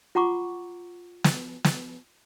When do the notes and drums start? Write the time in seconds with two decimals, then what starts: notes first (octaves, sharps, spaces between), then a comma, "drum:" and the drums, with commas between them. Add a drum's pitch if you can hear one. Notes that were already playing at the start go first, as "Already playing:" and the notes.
0.15 F4 F#5 A#5 C#6 D6
1.24 drum: snare
1.64 drum: snare